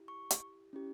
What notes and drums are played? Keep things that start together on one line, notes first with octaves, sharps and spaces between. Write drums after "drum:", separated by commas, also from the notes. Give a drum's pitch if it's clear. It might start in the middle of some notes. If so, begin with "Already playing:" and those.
Already playing: E4 G4
C#6
drum: hi-hat
C#4 E4 G4